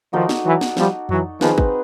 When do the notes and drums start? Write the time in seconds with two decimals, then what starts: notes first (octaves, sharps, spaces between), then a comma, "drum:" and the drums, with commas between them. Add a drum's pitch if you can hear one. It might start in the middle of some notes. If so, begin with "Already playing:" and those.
0.13 D#3 F3 D#4 F#4 A4 D5
0.29 drum: snare
0.45 E3 F#3
0.61 drum: snare
0.77 F3 G3, drum: snare
1.09 E3 F#3, drum: tom F2
1.41 D#3 F3 C4 D#4 G#4 B4, drum: snare
1.58 drum: kick